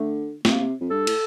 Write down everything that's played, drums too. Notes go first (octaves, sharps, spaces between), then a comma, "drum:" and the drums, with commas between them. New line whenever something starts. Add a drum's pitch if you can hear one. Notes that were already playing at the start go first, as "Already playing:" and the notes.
Already playing: D3 A3
C3 A#3, drum: snare
C3
F2
G2 A4
A2, drum: cymbal